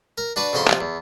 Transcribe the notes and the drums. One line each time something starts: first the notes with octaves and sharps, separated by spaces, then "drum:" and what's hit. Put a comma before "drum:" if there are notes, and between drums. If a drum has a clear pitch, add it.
A#4
D4 F#4 B4 D5
F2 C#3 F#4 B5 C6
C3 F3, drum: clap
E2